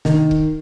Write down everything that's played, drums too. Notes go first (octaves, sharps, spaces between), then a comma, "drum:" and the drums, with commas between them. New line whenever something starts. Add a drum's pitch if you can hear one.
D#3, drum: snare
drum: kick C#1